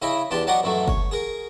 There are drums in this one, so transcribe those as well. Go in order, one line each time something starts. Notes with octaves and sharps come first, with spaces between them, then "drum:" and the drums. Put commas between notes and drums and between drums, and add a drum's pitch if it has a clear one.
C#3 E4 D#5 G#5 B5
E2 D4 G4 A5 C6
F#3 G4 D5 D#5 F#5
A1 F#2 F#3 A3
C#5, drum: kick F#1
G#4 A#4